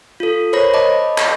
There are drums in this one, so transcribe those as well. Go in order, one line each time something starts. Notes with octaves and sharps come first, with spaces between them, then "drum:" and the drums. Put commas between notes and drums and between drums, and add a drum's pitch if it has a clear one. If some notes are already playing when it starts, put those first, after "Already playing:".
F4 A4
A#4 C5 C#5 B5 A#6
D#5 A5 B5 D6
drum: clap